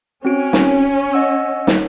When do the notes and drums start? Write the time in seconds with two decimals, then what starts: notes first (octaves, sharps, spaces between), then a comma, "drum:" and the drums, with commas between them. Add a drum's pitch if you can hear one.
0.25 C4 C#4 F#4 D7
0.53 drum: snare
1.13 D#5 F#5 E6
1.67 drum: snare